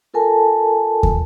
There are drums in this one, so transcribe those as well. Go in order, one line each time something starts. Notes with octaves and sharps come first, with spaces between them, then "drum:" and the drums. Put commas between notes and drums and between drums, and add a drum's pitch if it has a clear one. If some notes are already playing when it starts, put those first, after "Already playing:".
F4 A4 A#4 G#5 A5
drum: kick